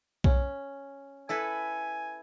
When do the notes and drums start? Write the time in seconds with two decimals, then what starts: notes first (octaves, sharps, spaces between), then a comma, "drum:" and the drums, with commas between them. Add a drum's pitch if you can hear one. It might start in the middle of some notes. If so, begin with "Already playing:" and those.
0.24 C#4, drum: kick B1
1.29 E4 A4 B4 G#5